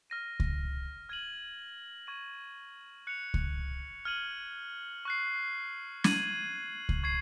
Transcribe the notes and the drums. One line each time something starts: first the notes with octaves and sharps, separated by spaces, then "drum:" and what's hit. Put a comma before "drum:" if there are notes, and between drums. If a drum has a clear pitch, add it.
F6 A#6 D#7
drum: kick C#2
F6 G#6 D#7 F#7
C#6 G#6 D#7
F#6 C#7 F7
drum: kick C#2
F6 G#6 D#7 F#7
C#6 F#6 C7
G#6 D#7 F#7, drum: snare
drum: kick C#2
C#6 G#6 C7